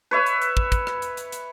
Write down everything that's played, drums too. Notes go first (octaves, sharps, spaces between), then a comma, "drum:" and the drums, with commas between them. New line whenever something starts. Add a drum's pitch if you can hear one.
B4 C#5 E5
drum: hi-hat
drum: hi-hat
drum: kick
drum: kick, hi-hat
drum: rim click
drum: hi-hat
drum: hi-hat
drum: hi-hat